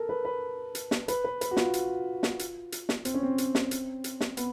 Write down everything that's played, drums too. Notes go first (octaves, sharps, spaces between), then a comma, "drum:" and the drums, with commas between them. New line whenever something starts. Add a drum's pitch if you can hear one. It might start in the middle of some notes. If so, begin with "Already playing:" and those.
Already playing: A4 A#4
B4
B4
drum: hi-hat
drum: snare
B4, drum: hi-hat
B4
B4, drum: hi-hat
F#4
F4, drum: snare
drum: hi-hat
drum: snare
drum: hi-hat
drum: hi-hat
drum: snare
C4, drum: hi-hat
C#4
C4
drum: hi-hat
drum: snare
drum: hi-hat
drum: hi-hat
drum: snare
B3, drum: hi-hat